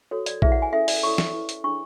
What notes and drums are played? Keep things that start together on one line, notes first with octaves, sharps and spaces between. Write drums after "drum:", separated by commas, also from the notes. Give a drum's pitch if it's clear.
F#4 A4 C#5
D5, drum: hi-hat
E4 G#4 B4 E5, drum: kick A#1
F#5
G#5
C#4 E4 A4 E5
D5, drum: open hi-hat
E4 A4 C#5 C#6
drum: snare
E4 B4
drum: hi-hat
D4 G#4 C#5 C#6